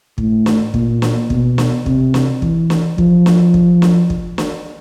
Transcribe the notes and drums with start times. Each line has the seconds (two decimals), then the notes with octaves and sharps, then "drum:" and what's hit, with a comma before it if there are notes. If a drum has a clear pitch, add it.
0.18 A2, drum: kick
0.46 drum: snare
0.74 A#2, drum: kick
1.02 drum: snare
1.30 B2, drum: kick
1.58 drum: snare
1.86 C3, drum: kick
2.14 drum: snare
2.42 E3, drum: kick
2.70 drum: snare
2.98 F3, drum: kick
3.26 drum: snare
3.54 drum: kick
3.82 drum: snare
4.10 drum: kick
4.38 drum: snare